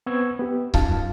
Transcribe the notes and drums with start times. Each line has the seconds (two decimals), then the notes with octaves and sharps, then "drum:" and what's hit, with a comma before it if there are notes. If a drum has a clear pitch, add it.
0.06 B3 C4 C#6 E6 G#6
0.39 B3 G4
0.74 F#2 D#4 F4 F5 A5, drum: kick C#1